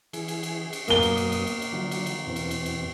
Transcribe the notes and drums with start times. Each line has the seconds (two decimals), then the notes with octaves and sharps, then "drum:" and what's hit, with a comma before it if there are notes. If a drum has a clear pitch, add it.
0.13 E3 G#4, drum: cymbal
0.28 drum: cymbal
0.43 drum: cymbal
0.73 drum: cymbal
0.88 F#2 B2 A#3 D#6 G7, drum: cymbal
1.02 drum: cymbal
1.17 drum: cymbal
1.32 drum: cymbal
1.47 drum: cymbal
1.62 drum: cymbal
1.73 D3 F3 F#3
1.91 drum: cymbal
2.06 drum: cymbal
2.27 E2 B2 C4
2.36 drum: cymbal
2.51 drum: cymbal
2.66 drum: cymbal